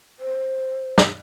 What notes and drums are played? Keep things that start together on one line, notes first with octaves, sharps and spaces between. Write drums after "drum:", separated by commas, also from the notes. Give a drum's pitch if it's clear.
C5
drum: snare